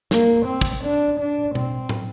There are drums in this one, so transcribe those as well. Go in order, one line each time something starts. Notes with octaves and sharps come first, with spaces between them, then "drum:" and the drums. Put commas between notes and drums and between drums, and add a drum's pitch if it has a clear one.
A#3, drum: snare
C4
drum: kick
D4
D4
C4, drum: tom B2
drum: tom